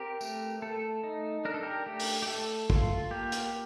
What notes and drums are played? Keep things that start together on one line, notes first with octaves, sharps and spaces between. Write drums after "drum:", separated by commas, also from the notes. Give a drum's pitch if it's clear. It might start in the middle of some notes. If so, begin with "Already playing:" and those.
Already playing: C4 G4 A#4
A3, drum: tambourine
A3 A4
D#4
D4 A#4
A4
G4 A#4
A3 G4
drum: open hi-hat
G4
A3 A4
F4, drum: kick
A#3 G4
drum: hi-hat